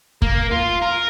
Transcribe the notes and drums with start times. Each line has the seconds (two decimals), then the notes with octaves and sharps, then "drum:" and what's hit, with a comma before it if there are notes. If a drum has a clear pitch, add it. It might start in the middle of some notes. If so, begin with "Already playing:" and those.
0.22 A#3, drum: kick
0.52 F4
0.82 A#4